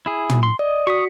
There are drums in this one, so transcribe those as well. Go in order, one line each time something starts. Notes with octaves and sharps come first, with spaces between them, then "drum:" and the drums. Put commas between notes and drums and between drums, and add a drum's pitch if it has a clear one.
E4 G#4
drum: tom
C6
D5 D#5
F#4 C#6 D#6 B6 C#7